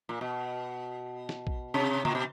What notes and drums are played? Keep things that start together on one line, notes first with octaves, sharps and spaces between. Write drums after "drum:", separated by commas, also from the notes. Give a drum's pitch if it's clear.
A#2
B2
drum: snare
drum: kick A#1
C3
A#2, drum: tom
B2